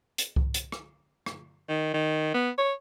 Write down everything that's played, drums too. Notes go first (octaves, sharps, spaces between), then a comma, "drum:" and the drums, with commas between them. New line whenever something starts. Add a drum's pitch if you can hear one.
drum: hi-hat
drum: kick C2
drum: hi-hat
drum: rim click
drum: rim click
D#3
D#3
B3
C#5